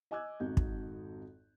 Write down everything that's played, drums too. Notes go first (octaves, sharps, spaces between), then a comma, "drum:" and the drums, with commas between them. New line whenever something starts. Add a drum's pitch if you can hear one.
D#5 G#5 D6 E6 F#6 G#6
G#1 F2 D#4 F#4 G6
drum: kick